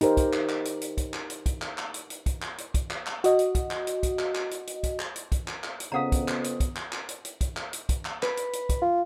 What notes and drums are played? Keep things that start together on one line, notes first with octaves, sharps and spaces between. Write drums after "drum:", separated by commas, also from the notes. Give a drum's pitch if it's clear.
D#4 G4 A#4 C5, drum: hi-hat
drum: kick, hi-hat
drum: clap
drum: clap
drum: hi-hat
drum: hi-hat
drum: kick, hi-hat
drum: clap
drum: hi-hat
drum: kick, hi-hat
drum: clap
drum: clap
drum: hi-hat
drum: hi-hat
drum: kick, hi-hat
drum: clap
drum: hi-hat
drum: kick, hi-hat
drum: clap
drum: clap
F#4 D#5, drum: hi-hat
drum: hi-hat
drum: kick, hi-hat
drum: clap
drum: hi-hat
drum: kick, hi-hat
drum: clap
drum: clap
drum: hi-hat
drum: hi-hat
drum: kick, hi-hat
drum: clap
drum: hi-hat
drum: kick, hi-hat
drum: clap
drum: clap
drum: hi-hat
F2 C#3 B3 F5 F#5 A#5 D#6
drum: kick, hi-hat
drum: clap
drum: hi-hat
drum: kick, hi-hat
drum: clap
drum: clap
drum: hi-hat
drum: hi-hat
drum: kick, hi-hat
drum: clap
drum: hi-hat
drum: kick, hi-hat
drum: clap
B4, drum: clap
drum: hi-hat
drum: hi-hat
drum: kick, hi-hat
F4